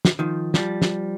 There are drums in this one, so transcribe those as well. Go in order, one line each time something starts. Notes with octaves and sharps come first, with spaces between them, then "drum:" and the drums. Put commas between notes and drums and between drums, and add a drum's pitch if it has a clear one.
drum: snare
D#3 F3
F3 G3, drum: snare
drum: snare